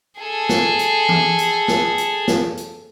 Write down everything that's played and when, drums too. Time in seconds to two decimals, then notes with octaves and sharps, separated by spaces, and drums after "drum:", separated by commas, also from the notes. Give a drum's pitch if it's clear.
0.20 G#4 A4
0.49 drum: snare
0.79 drum: hi-hat
1.09 drum: tom E3
1.38 drum: hi-hat
1.68 drum: snare
1.98 drum: hi-hat
2.28 drum: snare
2.57 drum: hi-hat